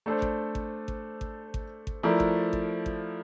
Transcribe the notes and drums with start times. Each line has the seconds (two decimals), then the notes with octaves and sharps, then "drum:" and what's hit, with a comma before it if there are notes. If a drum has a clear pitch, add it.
0.06 A3 D4 A4 C5
0.22 drum: kick G#1
0.55 drum: kick G#1
0.88 drum: kick G#1
1.21 drum: kick G#1
1.54 drum: kick G#1
1.87 drum: kick G#1
2.03 F3 A3 E4 A#4 D5
2.20 drum: kick G#1
2.53 drum: kick G#1
2.86 drum: kick G#1